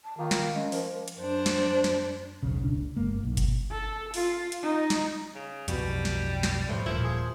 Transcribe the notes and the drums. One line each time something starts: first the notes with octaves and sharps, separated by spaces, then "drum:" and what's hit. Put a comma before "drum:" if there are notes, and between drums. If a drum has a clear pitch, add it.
A5
D#3 A#3 F4 C#5
drum: snare
G#3 C#4
F3 A#4, drum: open hi-hat
drum: hi-hat
F#2 D4 C5
drum: snare
drum: snare
E1 B1 C#3
F#1 C#2 D4
G1 G#3 A#3
B1
drum: kick G1, hi-hat
A4
F4, drum: open hi-hat
drum: hi-hat
D#4
drum: snare
C#3
B1 F2 B2 G3, drum: hi-hat
drum: snare
drum: snare
F2 A2 F3
D#1 A#2 F3 E4
G#4